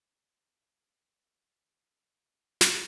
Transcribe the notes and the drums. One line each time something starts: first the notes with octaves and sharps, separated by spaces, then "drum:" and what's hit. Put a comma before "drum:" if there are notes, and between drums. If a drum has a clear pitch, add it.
G#4 F5
A#3 G4 E5
drum: snare